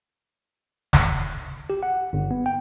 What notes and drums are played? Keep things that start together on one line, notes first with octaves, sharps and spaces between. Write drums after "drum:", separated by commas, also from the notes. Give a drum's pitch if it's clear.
drum: snare
G4
F#5
G1
B3
G5